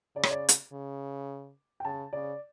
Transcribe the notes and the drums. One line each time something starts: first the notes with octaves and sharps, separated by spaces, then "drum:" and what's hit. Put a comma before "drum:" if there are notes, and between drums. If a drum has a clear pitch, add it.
C#3 D5
C#5, drum: rim click
D5
drum: hi-hat
C#3
G5
C#3 A5
C#3 D5